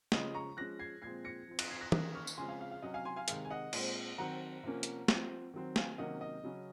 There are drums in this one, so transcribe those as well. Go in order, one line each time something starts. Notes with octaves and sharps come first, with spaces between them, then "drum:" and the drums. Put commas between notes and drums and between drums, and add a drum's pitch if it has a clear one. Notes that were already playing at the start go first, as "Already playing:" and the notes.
C#3 F3 G#3 D#5, drum: snare
A#5 C#6
F3 G#3 C#4 F#6 A#6
G#6 C7
A#2 F3 G#3 C4 G#6 C7
A#6 C#7
F3 C4
F#6 A#6, drum: cymbal
G#6 C7
F#6 A#6
D#3 A#3 C#4 D#6 F#6, drum: tom
C#6 F6
drum: tambourine
C#3 F3 G#3 C4 G#5 C6
F5 G#5
F5
F5
C3 F#3 C#4 D#5 F#5
F5 G#5
G#5 C6
F5 G#5
C3 D#3 G#3 F5, drum: hi-hat
G#5
D#5 F#5
A#2 G#3 C4, drum: cymbal
D#3 F#3 C4 F#5 A#5
C3 F3 A#3 C#4
drum: hi-hat
F3 C4, drum: snare
D#3 F#3 C4
F5 G#5, drum: snare
C3 D#3 F#3 A#3 C#4 D#5 F#5
D#5
C#3 F#3 C#4